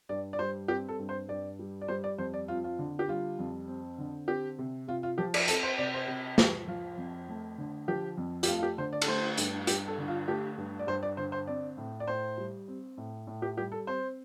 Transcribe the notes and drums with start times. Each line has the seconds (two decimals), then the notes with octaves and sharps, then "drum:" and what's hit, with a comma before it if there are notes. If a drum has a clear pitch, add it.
0.09 G2 D5
0.33 D5
0.39 G3 C5
0.68 C4 G4
0.89 A4
0.99 G2
1.09 C5
1.28 G2 D5
1.59 G3
1.81 D5
1.88 G3 C5
2.04 D5
2.18 F2 C5
2.34 D5
2.48 C4 F4
2.64 F4
2.79 D3
2.99 G4
3.08 G3 F4
3.39 F2
3.68 C4
3.98 D3
4.28 C4 G4
4.59 C3
4.88 C3 F4
5.03 F4
5.18 F3 G4
5.34 D5, drum: cymbal
5.48 C4 A4, drum: hi-hat
5.63 C5
5.78 C3 D5
5.94 C5
6.08 C3
6.38 F3 G4, drum: snare
6.67 F3 F4
6.97 F2
7.29 A3
7.58 D3
7.88 F3 G4
8.17 F2
8.43 G4, drum: hi-hat
8.48 A3 F4
8.58 F4
8.63 G4
8.78 D3 C5
8.93 D5
9.02 A4, drum: cymbal
9.08 A3 C5
9.38 G2, drum: hi-hat
9.67 G2 G4, drum: hi-hat
9.87 A4
9.98 D3
10.08 F4
10.27 A3 G4
10.57 G2
10.79 D5
10.87 G2 C5
11.03 D5
11.17 D3 C5
11.32 C5
11.47 C4 D5
11.77 A2
12.00 D5
12.07 A2 C5
12.38 G3
12.68 C4
12.98 A2
13.27 A2
13.42 G4
13.57 G3 G4
13.72 A4
13.87 C4 C5